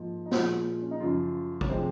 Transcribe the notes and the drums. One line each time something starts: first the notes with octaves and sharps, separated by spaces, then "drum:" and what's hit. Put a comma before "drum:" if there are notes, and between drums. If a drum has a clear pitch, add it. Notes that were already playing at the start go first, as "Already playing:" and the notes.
Already playing: G#2 F3 A#3
D#4
A#2 F3 G#3 F4, drum: snare
C#4
D#4
F#2 C#3 F3 F4
C#5, drum: kick
C3 F3 G#3 C5